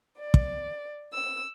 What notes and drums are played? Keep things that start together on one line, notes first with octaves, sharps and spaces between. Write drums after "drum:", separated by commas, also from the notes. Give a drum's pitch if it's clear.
D5
drum: kick
E6